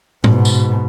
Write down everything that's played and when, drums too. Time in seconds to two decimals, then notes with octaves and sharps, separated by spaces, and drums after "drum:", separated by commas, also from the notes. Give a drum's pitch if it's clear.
0.24 G#2 B2, drum: tom A2
0.45 drum: tambourine